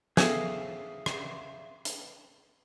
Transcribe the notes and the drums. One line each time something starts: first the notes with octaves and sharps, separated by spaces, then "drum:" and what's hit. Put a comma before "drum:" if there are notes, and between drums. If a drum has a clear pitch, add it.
B3 G#4 A4 E5 F5 C7, drum: snare
drum: rim click
drum: hi-hat